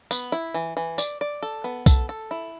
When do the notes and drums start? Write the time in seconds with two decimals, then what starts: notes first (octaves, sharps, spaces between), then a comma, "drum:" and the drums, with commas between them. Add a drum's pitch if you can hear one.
0.11 B3, drum: tambourine
0.32 E4
0.54 E3
0.77 E3
0.98 D5, drum: tambourine
1.21 D5
1.43 A4
1.64 B3
1.86 A4, drum: kick, tambourine
2.09 A4
2.31 E4